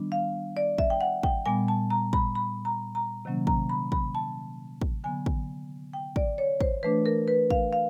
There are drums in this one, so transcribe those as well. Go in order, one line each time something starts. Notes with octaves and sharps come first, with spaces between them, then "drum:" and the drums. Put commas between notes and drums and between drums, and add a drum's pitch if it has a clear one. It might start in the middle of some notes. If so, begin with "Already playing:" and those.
Already playing: D#3 G3 B3 D4
F5
D5
E5, drum: kick
G5
F#5
G5, drum: kick
A#2 G3 B3 G#5
A5
A#5
B5, drum: kick
B5
A#5
A#5
C3 D#3 F#3 A#3 C#4
A#5, drum: kick
B5
B5, drum: kick
A5
drum: kick
D3 F#3 B3 G#5
drum: kick
G5
D5, drum: kick
C#5
C5, drum: kick
E3 A3 D4 B4
A#4
B4
F5, drum: kick
F5